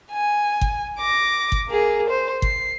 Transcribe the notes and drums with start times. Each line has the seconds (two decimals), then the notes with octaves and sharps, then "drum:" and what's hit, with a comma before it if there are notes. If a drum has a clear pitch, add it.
0.12 G#5
0.61 drum: kick G1
0.99 D6 A#6
1.52 drum: kick G1
1.68 A#3 G#4
2.10 C5
2.42 C7, drum: kick G1